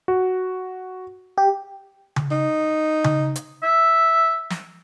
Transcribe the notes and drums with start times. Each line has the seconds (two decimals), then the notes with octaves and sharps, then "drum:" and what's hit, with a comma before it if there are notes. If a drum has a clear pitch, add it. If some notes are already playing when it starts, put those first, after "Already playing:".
0.08 F#4
1.38 G4
2.16 drum: tom C#3
2.31 D#4
3.04 drum: tom C#3
3.35 drum: hi-hat
3.63 E5
4.50 drum: snare